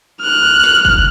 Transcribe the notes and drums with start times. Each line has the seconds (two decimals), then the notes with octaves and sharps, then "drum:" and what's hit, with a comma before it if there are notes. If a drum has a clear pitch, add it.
0.21 F6 F#6
0.64 drum: snare
0.85 drum: kick F#1